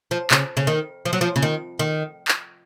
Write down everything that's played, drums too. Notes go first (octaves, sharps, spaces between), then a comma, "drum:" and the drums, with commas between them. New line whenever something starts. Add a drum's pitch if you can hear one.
F3
C#3, drum: clap
C#3
D#3
F3
F#3
F3
C#3
D#3
D#3
drum: clap